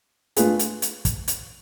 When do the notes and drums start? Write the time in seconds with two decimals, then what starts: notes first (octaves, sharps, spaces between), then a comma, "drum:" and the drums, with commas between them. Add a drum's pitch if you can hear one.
0.36 A3 D4 F4 G#4 B4, drum: hi-hat
0.59 drum: hi-hat
0.82 drum: hi-hat
1.05 drum: kick, hi-hat
1.28 drum: hi-hat